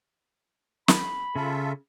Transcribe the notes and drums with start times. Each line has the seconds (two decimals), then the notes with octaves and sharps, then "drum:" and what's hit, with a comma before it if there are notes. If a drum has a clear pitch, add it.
0.88 B5, drum: snare
1.36 C#3 F4 A4 E5